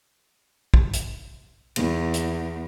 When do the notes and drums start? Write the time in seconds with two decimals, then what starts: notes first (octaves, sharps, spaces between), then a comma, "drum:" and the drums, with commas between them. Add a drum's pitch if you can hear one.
0.74 drum: kick
0.93 drum: hi-hat
1.76 E2, drum: cymbal
2.14 drum: hi-hat